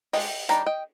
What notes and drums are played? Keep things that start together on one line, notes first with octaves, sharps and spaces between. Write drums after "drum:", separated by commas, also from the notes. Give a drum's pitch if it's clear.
G#3 D4 D#5 G5, drum: open hi-hat
D#3 G3 D4 G5 A#5, drum: hi-hat
D#5 G5